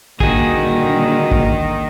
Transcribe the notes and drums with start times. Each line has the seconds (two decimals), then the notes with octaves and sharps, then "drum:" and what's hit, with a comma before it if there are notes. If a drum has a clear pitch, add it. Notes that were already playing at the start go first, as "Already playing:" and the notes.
0.20 A#2 D3 D#3 G3 F#4 G#4, drum: kick
1.32 drum: kick